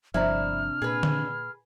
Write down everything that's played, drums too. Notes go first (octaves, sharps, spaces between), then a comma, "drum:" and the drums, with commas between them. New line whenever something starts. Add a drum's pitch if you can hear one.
G1 C3 F3 D4 E4 A#5 F6
A#2 G#4 B4
drum: tom D3